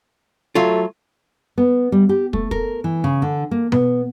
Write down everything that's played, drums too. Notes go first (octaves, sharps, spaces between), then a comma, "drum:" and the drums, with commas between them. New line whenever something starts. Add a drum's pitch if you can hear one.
F#3 A3 F4
B3
G3
G4
A3, drum: kick
A#4, drum: kick
E3
C#3
D3
A#3
B3, drum: tom B2